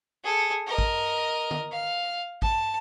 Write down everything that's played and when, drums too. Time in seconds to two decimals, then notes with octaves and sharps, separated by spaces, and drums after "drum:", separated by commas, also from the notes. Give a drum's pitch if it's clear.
0.24 G#4 A4
0.67 A#4 D#5
0.78 drum: kick
1.51 drum: tom D3
1.72 F5
2.42 A5, drum: kick